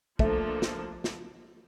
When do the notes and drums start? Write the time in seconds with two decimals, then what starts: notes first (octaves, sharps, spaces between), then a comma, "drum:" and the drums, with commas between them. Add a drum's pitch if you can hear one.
0.19 F3 A3 A#3 D4 A4, drum: kick
0.62 drum: snare
1.04 drum: snare